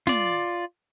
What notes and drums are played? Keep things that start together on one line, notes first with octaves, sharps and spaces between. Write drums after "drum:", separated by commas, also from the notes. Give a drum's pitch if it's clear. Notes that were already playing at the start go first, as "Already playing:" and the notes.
F4 D5, drum: snare